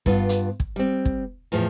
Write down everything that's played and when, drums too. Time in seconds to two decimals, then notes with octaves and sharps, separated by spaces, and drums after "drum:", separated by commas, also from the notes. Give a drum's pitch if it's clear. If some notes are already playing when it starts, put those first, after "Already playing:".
0.06 G2 B3 F4, drum: kick
0.29 drum: hi-hat
0.60 drum: kick
0.76 G3 C4
1.05 drum: kick
1.52 E2 A2 F3